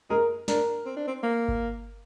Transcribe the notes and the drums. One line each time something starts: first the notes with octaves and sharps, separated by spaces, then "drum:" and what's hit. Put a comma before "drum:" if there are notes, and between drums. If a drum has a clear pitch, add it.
G#3 A#4
D4 A#4, drum: snare
C4
D4
C4
A#3
drum: kick G1